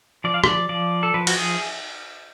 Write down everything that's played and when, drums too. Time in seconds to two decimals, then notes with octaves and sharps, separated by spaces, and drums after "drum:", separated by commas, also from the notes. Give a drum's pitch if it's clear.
0.24 F3 D5
0.34 F5
0.44 D5, drum: rim click
0.69 F3 D5
1.03 A4
1.14 F3 B4
1.27 F#4, drum: cymbal
1.37 G#4